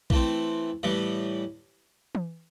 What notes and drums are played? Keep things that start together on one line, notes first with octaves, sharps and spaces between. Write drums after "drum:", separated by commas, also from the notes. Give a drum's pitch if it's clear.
E3 A3 C4, drum: kick A#1
A2 E3 G3
drum: tom E3